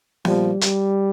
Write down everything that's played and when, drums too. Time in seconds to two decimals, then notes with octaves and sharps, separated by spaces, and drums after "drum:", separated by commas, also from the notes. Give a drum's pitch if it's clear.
0.25 A#2 F3 G3, drum: snare B3
0.61 G3, drum: hi-hat